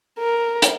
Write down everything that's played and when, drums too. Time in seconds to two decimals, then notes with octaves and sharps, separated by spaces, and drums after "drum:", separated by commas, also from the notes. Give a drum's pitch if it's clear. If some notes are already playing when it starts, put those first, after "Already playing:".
0.19 A#4
0.62 drum: hi-hat